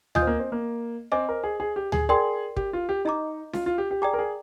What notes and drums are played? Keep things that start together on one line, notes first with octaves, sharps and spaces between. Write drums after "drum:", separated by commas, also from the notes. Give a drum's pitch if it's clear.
F4 D#5 G#5 D#6 G6, drum: tom D2
C4
A#3
C4
A#3
C4 C5 D#5 G#5 D6
A#4
G#4
G#4
G4
G#4, drum: tom D2
G#4 A#4 D5 G5 C6
G4, drum: kick
F4
G4
D#4 D#5 A#5 D6
F4, drum: snare C#4
F4
G4
G4
G#4 D5 G5 A#5 D6
A#4
G#4